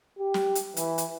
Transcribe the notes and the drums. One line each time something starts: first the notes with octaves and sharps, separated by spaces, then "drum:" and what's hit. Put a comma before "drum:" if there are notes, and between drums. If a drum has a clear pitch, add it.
G4
drum: snare
drum: hi-hat
E3, drum: hi-hat
drum: hi-hat